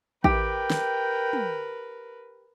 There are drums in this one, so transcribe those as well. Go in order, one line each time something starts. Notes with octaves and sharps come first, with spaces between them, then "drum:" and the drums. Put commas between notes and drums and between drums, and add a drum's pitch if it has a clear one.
G4 A#4 B4 G5, drum: kick
drum: snare
drum: tom